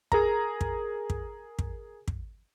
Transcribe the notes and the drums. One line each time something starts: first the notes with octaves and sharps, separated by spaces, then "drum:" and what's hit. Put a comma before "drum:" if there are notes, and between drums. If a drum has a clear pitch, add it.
G#4 A#4 A#5, drum: kick
drum: kick
drum: kick
drum: kick
drum: kick